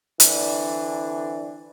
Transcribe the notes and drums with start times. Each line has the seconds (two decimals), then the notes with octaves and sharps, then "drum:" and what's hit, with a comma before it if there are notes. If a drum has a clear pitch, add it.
0.20 D3 E3 C4 D4, drum: hi-hat